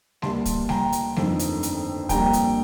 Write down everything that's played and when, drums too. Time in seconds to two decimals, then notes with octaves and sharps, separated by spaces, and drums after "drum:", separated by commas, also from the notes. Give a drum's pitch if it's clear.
0.22 D2 D3 G3 A#3 A5 C6, drum: snare G3
0.45 drum: kick, hi-hat
0.69 G5 A#5, drum: snare G3
0.92 drum: hi-hat
1.16 G1 F2 D#3 A3, drum: snare G3
1.39 drum: hi-hat
1.63 drum: hi-hat
2.09 F2 D3 G3 A#3 G5 A#5, drum: kick, hi-hat
2.33 drum: hi-hat